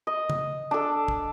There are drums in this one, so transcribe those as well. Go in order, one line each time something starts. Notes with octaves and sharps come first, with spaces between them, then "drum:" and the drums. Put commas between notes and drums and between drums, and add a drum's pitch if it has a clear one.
D#5
drum: tom C#3
D4 A4
drum: kick